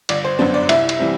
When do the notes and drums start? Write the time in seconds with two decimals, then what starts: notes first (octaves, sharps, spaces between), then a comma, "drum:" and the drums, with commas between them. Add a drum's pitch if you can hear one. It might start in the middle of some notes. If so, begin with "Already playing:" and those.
0.09 G1 D5, drum: cymbal
0.24 C5
0.39 F#2 F#3 B3 D4 C5
0.54 D5
0.69 C2 E4 E5, drum: cymbal
0.89 drum: cymbal
0.99 E3 G3 C4